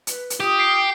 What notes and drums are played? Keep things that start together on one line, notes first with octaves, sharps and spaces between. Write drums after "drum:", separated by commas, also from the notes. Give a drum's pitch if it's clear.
B4, drum: hi-hat
drum: hi-hat
F4 G4 G5 D#6
B6 C7 D7